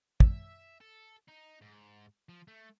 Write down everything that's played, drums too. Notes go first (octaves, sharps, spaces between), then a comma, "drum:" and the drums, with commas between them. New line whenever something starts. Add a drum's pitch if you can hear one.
E5, drum: kick
A4
D#4
G#2
F3
A3